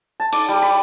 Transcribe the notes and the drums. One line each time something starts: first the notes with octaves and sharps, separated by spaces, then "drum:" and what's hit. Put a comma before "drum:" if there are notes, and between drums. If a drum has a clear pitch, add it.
A5
D6, drum: cymbal
G3
B5